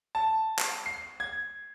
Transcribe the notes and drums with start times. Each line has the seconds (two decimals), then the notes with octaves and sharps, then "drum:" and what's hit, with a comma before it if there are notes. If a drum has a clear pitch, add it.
0.15 A5
0.59 drum: clap
0.86 C7
1.20 G#6